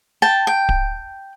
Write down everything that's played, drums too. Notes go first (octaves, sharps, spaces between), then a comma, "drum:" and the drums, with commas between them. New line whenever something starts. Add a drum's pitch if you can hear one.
G5 A5
G5
drum: kick D1